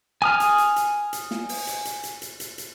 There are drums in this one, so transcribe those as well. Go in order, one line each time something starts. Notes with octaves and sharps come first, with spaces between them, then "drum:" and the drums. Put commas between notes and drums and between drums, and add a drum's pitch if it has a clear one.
G#5 D#6 F6
drum: hi-hat
drum: hi-hat
drum: hi-hat
drum: hi-hat
drum: snare
drum: open hi-hat
drum: hi-hat
drum: hi-hat
drum: hi-hat
drum: hi-hat
drum: hi-hat
drum: hi-hat